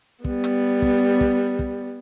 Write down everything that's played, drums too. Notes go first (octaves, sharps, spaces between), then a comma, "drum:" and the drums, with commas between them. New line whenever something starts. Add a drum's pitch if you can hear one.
G3 B3, drum: kick
drum: rim click
drum: kick
drum: kick
drum: kick